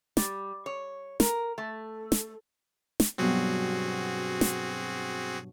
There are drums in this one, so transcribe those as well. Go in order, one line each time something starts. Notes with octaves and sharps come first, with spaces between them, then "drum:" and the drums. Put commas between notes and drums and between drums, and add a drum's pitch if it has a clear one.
G3, drum: snare
C#5
A#4, drum: snare
A3
drum: snare
drum: snare
G2 B2 F#3 C4 F#4 G#4
drum: snare